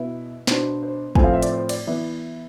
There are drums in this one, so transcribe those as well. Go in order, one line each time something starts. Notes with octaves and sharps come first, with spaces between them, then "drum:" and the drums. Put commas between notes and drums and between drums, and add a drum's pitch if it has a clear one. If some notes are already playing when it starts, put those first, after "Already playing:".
Already playing: B2 B3 E4 B4
B2 B3 D4 C5, drum: snare
C5
A2 F3 A3 C4 G#5, drum: kick
F5
E5
D5, drum: hi-hat
C5
D5, drum: cymbal
E3 B3 E4 D5